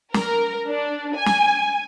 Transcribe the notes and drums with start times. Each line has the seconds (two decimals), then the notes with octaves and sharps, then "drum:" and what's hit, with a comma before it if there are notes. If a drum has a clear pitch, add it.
0.14 A#4, drum: snare
0.68 D4
1.16 G#5
1.26 drum: snare